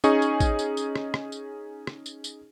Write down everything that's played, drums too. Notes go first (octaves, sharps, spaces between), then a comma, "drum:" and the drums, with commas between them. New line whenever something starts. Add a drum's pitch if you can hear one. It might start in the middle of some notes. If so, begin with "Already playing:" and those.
C#4 D#4 G#4 D#5 G#5 C#6, drum: tambourine
drum: tambourine
drum: kick, tambourine
drum: tambourine
drum: tambourine
drum: rim click
drum: rim click
drum: tambourine
drum: rim click
drum: tambourine
drum: tambourine